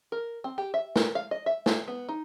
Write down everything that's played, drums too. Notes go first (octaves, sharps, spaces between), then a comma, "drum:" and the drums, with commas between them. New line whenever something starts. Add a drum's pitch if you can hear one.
A#4
C4
G4
E5
A#4, drum: snare
F5
D#5
E5
drum: snare
B3
D#4